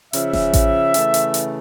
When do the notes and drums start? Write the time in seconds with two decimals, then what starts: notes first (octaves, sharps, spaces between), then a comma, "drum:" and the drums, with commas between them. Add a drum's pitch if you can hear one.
0.13 C#3 F3 C#4 E5, drum: hi-hat
0.33 drum: snare E1
0.53 drum: kick A1, hi-hat
0.94 C#3 E3 A3, drum: hi-hat
1.14 drum: hi-hat
1.34 drum: hi-hat